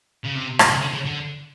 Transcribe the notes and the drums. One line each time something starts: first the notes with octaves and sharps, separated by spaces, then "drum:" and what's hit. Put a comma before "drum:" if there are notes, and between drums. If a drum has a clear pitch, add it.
C#3
C3
drum: rim click
C#3
D3
C#3
D3